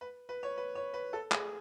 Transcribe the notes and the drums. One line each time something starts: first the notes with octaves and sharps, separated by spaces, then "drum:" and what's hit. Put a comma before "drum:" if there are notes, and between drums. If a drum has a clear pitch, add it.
B4
B4
C#5
B4
C#5
B4
A4
G#4, drum: clap